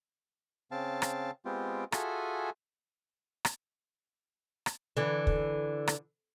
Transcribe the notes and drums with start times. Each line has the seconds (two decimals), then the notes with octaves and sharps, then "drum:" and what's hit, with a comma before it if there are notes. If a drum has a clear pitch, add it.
0.71 C#3 C4 F5 A5
1.02 drum: rim click
1.45 G#3 B3 C4 F4 G4
1.92 F4 F#4 G#4 A4 E5 G#5, drum: rim click
3.45 drum: rim click
4.66 drum: rim click
4.97 D3 E3
5.27 drum: kick
5.87 drum: rim click